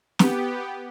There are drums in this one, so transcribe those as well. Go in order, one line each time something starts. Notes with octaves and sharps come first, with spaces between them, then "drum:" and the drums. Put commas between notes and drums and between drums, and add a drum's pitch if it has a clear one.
B3 G4, drum: snare